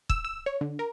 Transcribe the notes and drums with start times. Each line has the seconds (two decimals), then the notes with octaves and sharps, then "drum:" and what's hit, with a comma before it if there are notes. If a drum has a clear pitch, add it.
0.10 E6, drum: kick
0.25 E6
0.46 C#5
0.61 D3
0.79 A#4